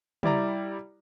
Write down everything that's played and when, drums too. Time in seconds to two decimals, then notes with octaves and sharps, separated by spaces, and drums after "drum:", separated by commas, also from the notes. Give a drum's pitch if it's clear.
0.23 G3 E4 D5 A#5, drum: tom